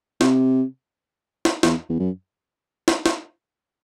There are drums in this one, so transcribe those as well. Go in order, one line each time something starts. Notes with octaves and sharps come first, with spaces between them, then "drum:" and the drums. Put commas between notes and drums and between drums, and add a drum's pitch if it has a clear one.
C3, drum: snare
drum: snare
E2, drum: snare
E2
F#2
drum: snare
drum: snare